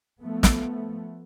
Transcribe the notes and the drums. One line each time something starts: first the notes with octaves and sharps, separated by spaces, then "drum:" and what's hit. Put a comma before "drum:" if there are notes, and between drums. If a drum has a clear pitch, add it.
F3 A3 B3
drum: snare